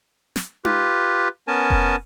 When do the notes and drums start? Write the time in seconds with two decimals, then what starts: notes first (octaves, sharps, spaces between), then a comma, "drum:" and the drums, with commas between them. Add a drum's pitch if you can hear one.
0.36 drum: snare
0.65 F4 G4 B4, drum: tom D#4
1.48 B3 C#4 A#4 G#5 A5
1.70 drum: kick F1